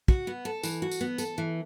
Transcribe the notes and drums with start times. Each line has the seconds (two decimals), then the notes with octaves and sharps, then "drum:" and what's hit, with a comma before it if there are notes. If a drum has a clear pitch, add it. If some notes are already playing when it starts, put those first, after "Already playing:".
0.08 F#4, drum: kick
0.27 B3
0.45 A4
0.63 E3, drum: tambourine
0.82 F#4
0.91 drum: tambourine
1.01 B3
1.18 A4, drum: tambourine
1.38 E3